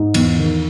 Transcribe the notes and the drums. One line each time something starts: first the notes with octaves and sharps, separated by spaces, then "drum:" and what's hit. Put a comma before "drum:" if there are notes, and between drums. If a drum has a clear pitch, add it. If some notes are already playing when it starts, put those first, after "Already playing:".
Already playing: G#2
E2, drum: cymbal
D#3